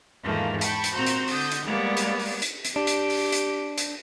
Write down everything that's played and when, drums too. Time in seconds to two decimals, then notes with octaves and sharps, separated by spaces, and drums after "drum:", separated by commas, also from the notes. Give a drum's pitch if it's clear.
0.23 E2 G#2 D#3 F3 A3 A#3
0.61 G5 A5 B5 C#6, drum: hi-hat
0.84 drum: hi-hat
0.96 A#2 C4 F#4 C5 A#5 G6
1.06 drum: hi-hat
1.28 D3 D#6 G6, drum: open hi-hat
1.52 drum: hi-hat
1.66 G3 G#3 A#3 B3 C#5 D5
1.97 drum: hi-hat
2.19 drum: open hi-hat
2.42 drum: hi-hat
2.65 drum: hi-hat
2.76 D4 G4
2.87 drum: hi-hat
3.10 drum: open hi-hat
3.32 drum: hi-hat
3.78 drum: hi-hat